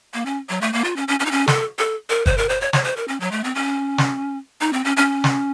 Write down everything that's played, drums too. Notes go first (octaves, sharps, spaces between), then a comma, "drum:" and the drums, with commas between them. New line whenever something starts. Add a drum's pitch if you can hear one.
A#3
C#4
F#3
A3
A#3
F4
C#4
C#4
C#4
D#4
C#4
A4, drum: snare
A4
A#4
C5, drum: kick
A#4
C5
C#5
C#5, drum: snare
C5
A#4
C#4
F#3
A3
C4
C#4
drum: snare
D#4
C4
C#4
C#4
drum: snare